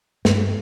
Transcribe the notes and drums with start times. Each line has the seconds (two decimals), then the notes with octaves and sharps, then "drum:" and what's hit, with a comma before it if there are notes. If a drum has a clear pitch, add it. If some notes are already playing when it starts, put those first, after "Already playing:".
0.25 G2, drum: snare